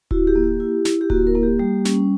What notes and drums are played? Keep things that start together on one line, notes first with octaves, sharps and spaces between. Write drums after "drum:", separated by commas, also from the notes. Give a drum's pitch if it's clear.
E4 F#4, drum: kick D1
G4
A#3
G4
E4
E4, drum: snare
G4
A#3 F#4, drum: kick D1
A#4
A#3
G4
G3
C#4, drum: snare